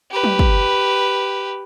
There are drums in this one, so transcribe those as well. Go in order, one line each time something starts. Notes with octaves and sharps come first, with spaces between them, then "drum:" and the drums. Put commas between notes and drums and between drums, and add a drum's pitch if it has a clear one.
G4 B4
drum: tom F#3
drum: kick